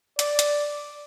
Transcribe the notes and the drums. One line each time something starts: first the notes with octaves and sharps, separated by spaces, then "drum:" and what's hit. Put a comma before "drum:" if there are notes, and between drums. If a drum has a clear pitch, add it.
D5, drum: hi-hat
drum: hi-hat